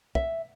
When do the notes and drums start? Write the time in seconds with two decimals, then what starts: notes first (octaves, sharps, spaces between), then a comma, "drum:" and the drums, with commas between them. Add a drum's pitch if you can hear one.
0.15 E5, drum: kick